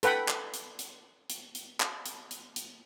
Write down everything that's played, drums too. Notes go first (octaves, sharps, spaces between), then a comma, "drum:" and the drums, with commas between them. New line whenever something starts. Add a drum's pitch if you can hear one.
A4 B4 F#5 G5 B5, drum: hi-hat
drum: clap
drum: hi-hat
drum: hi-hat
drum: hi-hat
drum: hi-hat
drum: clap
drum: hi-hat
drum: hi-hat
drum: hi-hat